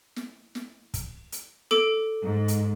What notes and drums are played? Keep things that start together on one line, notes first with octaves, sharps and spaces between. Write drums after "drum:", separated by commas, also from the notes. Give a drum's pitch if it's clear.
drum: snare
drum: snare
drum: kick, hi-hat
drum: hi-hat
A4 D6 D7, drum: snare
G#2
drum: hi-hat